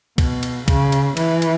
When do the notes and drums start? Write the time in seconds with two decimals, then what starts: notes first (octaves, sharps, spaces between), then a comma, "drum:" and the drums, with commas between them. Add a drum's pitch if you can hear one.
0.18 B2, drum: kick, cymbal
0.43 drum: cymbal
0.68 C#3, drum: kick, cymbal
0.92 drum: cymbal
1.17 E3, drum: cymbal
1.42 drum: cymbal